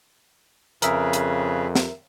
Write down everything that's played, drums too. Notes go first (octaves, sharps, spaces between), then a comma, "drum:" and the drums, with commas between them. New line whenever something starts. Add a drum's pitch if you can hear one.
F2 C#3 G#4 A#4 B4 E5, drum: hi-hat
drum: hi-hat
drum: snare